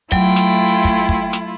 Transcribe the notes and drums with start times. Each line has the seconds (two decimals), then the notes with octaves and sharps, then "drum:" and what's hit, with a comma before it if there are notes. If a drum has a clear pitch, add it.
0.12 F#3 A3 E4 F4 G5, drum: kick
0.36 drum: snare
0.85 drum: kick
1.09 drum: kick
1.33 drum: snare